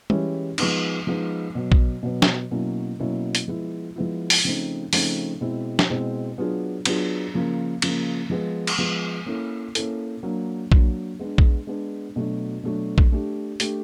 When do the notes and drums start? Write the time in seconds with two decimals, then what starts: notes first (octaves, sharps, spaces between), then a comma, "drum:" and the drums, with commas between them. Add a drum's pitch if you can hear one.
0.10 E3 G#3 C#4 E4 G4, drum: tom G3
0.58 F3 G#3 B3 D#4, drum: cymbal
1.07 F3 G#3 B3 D#4
1.55 B2 F#3 B3
1.72 drum: kick A#1
2.03 B2 F#3 B3
2.22 drum: snare
2.51 B2 F#3 A#3 C#4 E4
2.99 B2 F#3 A#3 C#4 E4
3.35 drum: hi-hat
3.48 F3 G#3 B3 E4
3.96 F3 G#3 B3 E4
4.30 drum: open hi-hat
4.44 C#3 F3 A3 C4 D#4
4.93 C#3 F3 A3 C4 D#4, drum: open hi-hat
5.41 B2 G#3 C4 E4
5.79 drum: snare
5.90 B2 G#3 C4 E4
6.38 F#3 B3 D4 F4 G#4
6.85 F#3 B3 D4 F4 G#4, drum: cymbal
7.34 C#3 F3 A#3
7.82 C#3 F3 A#3, drum: cymbal
8.30 F3 G#3 B3
8.67 drum: cymbal
8.78 F3 G#3 B3
9.26 A#3 C#4 E4 A4
9.75 A#3 C#4 E4 A4, drum: hi-hat
10.23 F#3 A#3 D4
10.72 F#3 A#3 D4, drum: kick A#1
11.19 G#3 B3 D4
11.38 drum: kick A#1
11.67 G#3 B3 D4
12.16 B2 F#3 A3 D4 F#4
12.63 B2 F#3 A3 D4 F#4
12.98 drum: kick A#1
13.12 A3 D4 G4
13.60 A3 D4 G4, drum: hi-hat